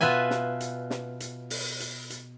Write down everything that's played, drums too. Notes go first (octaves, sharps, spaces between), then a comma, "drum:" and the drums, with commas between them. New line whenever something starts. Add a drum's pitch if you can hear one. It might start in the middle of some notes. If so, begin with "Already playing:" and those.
B2 F4 B4 E5 G#5
drum: snare
drum: hi-hat
drum: snare
drum: hi-hat
drum: open hi-hat
drum: hi-hat
drum: hi-hat